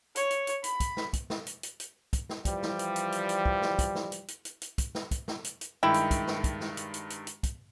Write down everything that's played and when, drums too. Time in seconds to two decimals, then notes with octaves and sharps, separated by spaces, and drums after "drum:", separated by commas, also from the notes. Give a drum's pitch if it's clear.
0.16 C#5, drum: hi-hat
0.30 drum: hi-hat
0.47 drum: hi-hat
0.64 B5, drum: hi-hat
0.80 drum: kick, hi-hat
0.97 drum: snare
1.13 drum: kick, hi-hat
1.30 drum: snare
1.47 drum: hi-hat
1.63 drum: hi-hat
1.80 drum: hi-hat
2.13 drum: kick, hi-hat
2.29 drum: snare
2.45 E3 F3 G3, drum: kick, hi-hat
2.63 drum: snare
2.79 drum: hi-hat
2.96 drum: hi-hat
3.12 drum: hi-hat
3.29 drum: hi-hat
3.45 drum: kick
3.62 drum: snare
3.79 drum: kick, hi-hat
3.95 drum: snare
4.12 drum: hi-hat
4.28 drum: hi-hat
4.45 drum: hi-hat
4.62 drum: hi-hat
4.78 drum: kick, hi-hat
4.95 drum: snare
5.11 drum: kick, hi-hat
5.28 drum: snare
5.44 drum: hi-hat
5.61 drum: hi-hat
5.83 G2 D#3 G#3 E4 G4
5.94 drum: hi-hat
6.11 drum: kick, hi-hat
6.27 drum: snare
6.44 drum: kick, hi-hat
6.60 drum: snare
6.77 drum: hi-hat
6.94 drum: hi-hat
7.10 drum: hi-hat
7.27 drum: hi-hat
7.43 drum: kick, hi-hat